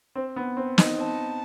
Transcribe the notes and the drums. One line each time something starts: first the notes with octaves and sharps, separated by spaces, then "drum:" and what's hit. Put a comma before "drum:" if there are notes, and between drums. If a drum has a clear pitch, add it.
C4
B3
C4
D#4, drum: snare
C4 A5